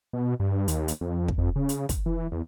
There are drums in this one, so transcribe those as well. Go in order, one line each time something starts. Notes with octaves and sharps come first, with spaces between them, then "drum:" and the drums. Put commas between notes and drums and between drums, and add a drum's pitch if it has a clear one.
B2
G2
D#2, drum: hi-hat
drum: hi-hat
F2
drum: kick
F2
C#3
drum: hi-hat
drum: kick, hi-hat
E3
E2